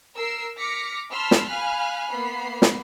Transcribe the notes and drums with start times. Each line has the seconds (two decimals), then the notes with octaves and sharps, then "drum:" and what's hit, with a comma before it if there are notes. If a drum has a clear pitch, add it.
0.17 A#4 E6 C7
0.59 D6 F6 A#6 B6 C#7
1.11 A5 B5 C6 E6 F6 B6
1.31 drum: snare
1.48 F5 G#5 B5 F6 F#6
2.09 A#3 B3 B5 C7
2.62 drum: snare